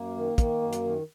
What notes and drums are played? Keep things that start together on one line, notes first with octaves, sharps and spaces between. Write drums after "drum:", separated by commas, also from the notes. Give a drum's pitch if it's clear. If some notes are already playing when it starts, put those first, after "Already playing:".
Already playing: F#2 A#3
D#3
D#3, drum: kick, hi-hat
F#2
drum: hi-hat
D#3